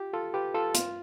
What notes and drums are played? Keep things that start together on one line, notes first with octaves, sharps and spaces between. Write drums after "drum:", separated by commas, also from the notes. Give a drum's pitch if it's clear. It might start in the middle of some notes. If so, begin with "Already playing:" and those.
Already playing: F4 G4
F4 A4
F4 G4 B4
F4 A4
G2 F4, drum: hi-hat